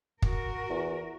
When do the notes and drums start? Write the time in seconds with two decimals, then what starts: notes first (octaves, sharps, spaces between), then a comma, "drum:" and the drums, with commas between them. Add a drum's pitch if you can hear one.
0.22 F#4 A#4, drum: kick
0.70 E2